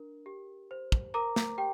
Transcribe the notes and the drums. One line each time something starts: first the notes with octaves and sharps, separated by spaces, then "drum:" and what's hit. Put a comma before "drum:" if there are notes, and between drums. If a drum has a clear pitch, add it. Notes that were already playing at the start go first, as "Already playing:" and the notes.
Already playing: D4 A#4
G4
C5
drum: kick
A#4 A#5 D6
drum: snare
G4 G5